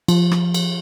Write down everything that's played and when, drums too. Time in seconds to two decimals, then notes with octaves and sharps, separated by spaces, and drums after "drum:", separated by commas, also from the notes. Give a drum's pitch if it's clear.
0.08 F3, drum: cymbal
0.31 drum: rim click
0.54 drum: cymbal